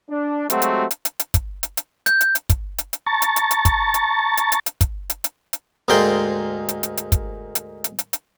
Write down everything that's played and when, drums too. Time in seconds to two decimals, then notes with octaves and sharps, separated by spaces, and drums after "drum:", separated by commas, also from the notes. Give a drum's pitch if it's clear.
0.10 D4
0.50 F#3 G#3 A3 C4 F#4 G4, drum: hi-hat
0.62 drum: hi-hat
0.91 drum: hi-hat
1.05 drum: hi-hat
1.19 drum: hi-hat
1.34 drum: kick, hi-hat
1.63 drum: hi-hat
1.77 drum: hi-hat
2.06 G6, drum: hi-hat
2.21 drum: hi-hat
2.35 drum: hi-hat
2.50 drum: kick, hi-hat
2.78 drum: hi-hat
2.93 drum: hi-hat
3.06 A5 A#5 C#6 A6
3.22 drum: hi-hat
3.36 drum: hi-hat
3.51 drum: hi-hat
3.65 drum: kick, hi-hat
3.94 drum: hi-hat
4.37 drum: hi-hat
4.52 drum: hi-hat
4.66 drum: hi-hat
4.81 drum: kick, hi-hat
5.10 drum: hi-hat
5.24 drum: hi-hat
5.53 drum: hi-hat
5.88 D2 G#2 A#3 D5 G5 C6
6.69 drum: hi-hat
6.83 drum: hi-hat
6.97 drum: hi-hat
7.12 drum: kick, hi-hat
7.55 drum: hi-hat
7.84 drum: hi-hat
7.99 drum: hi-hat
8.13 drum: hi-hat